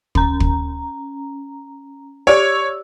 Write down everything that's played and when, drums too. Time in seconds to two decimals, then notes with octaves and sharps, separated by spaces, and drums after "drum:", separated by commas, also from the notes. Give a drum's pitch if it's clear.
0.15 C#4 A#5, drum: kick
0.40 drum: kick
2.27 G4 C#5 D5 E6